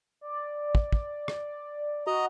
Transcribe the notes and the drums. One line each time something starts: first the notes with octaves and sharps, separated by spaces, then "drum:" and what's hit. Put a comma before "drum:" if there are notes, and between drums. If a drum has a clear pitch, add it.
D5
drum: kick
drum: kick
drum: rim click
F#4 D#5 A#5